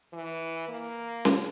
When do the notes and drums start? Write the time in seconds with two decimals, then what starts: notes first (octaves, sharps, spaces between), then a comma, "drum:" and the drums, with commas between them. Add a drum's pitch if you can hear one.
0.13 E3
0.69 A#3
1.25 drum: snare